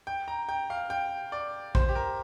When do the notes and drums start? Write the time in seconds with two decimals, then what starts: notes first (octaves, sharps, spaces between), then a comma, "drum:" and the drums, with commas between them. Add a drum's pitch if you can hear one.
0.07 G5
0.28 A#5
0.49 G5
0.70 F5
0.90 G5
1.32 D5
1.75 C5, drum: kick A#1
1.89 G4
1.95 A#4